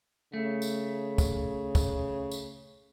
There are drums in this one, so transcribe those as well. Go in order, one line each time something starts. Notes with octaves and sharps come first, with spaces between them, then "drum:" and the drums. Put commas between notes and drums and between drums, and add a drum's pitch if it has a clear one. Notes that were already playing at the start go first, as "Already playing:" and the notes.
C#3 A3
drum: tambourine
drum: kick, tambourine
drum: kick, tambourine
drum: tambourine